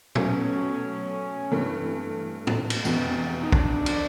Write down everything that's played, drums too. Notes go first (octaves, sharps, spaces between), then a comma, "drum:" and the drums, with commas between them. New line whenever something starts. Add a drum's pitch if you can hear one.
B2 F#3 A3 C#4, drum: tom A#2
G2 E3 A3 C4
drum: tom A2
drum: cymbal
F1 E2 B2, drum: tambourine
D#4
D4, drum: kick A#1
drum: cymbal